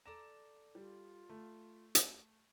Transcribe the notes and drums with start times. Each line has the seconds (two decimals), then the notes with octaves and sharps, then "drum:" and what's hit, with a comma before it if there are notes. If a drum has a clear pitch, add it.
0.06 A4 D5 A#5 E7
0.75 G3 F4
1.29 A3
1.95 drum: hi-hat